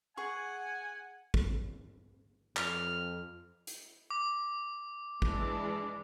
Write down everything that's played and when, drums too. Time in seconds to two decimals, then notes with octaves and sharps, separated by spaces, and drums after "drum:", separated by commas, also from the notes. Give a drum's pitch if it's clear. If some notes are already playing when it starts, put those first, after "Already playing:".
0.17 G#4 F#5 G#5 C#6
1.34 drum: kick A1
2.57 F2 F6, drum: clap
3.67 drum: hi-hat
4.10 D6
5.22 E3 G#3 D4, drum: kick A1